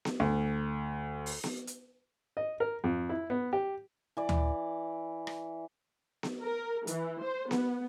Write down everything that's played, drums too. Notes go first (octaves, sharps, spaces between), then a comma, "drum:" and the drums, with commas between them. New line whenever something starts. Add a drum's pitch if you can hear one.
drum: snare B3
D2
drum: open hi-hat
drum: snare B3
drum: hi-hat
D#5
A#4
F2
E4
B3
G4
E3 D5
drum: tom D2
drum: rim click
drum: snare B3
A#4
E3, drum: hi-hat
C5
B3, drum: snare B3